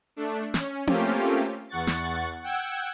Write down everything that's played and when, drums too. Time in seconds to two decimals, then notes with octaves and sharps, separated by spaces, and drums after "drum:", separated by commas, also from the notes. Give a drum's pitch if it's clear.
0.16 A3 D4
0.54 C#4, drum: snare
0.87 A3 A#3 C4 C#4 F4 G4, drum: tom C4
1.69 E2 F#5 C#6 A6
1.87 drum: snare
2.42 F#5 G5 E6 G#6